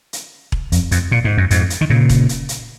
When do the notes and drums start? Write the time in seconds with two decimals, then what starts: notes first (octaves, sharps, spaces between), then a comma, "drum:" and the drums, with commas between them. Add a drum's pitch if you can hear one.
0.13 drum: hi-hat
0.52 drum: kick E1
0.72 F2, drum: hi-hat
0.91 F2, drum: hi-hat
1.11 A#2
1.24 G#2
1.37 F#2
1.51 F2 G#2, drum: hi-hat
1.70 drum: hi-hat
1.81 D#3
1.90 A#2 C#3
2.09 drum: kick E1, hi-hat
2.29 drum: hi-hat
2.49 drum: hi-hat